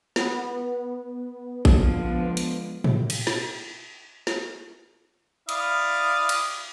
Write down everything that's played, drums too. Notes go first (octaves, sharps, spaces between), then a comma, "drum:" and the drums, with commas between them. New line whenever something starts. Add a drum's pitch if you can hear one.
B3, drum: snare
D3 F3 G#3, drum: kick A1
drum: hi-hat
drum: tom A2
drum: cymbal
drum: snare
drum: snare
E4 D5 F5 D#6, drum: hi-hat
drum: cymbal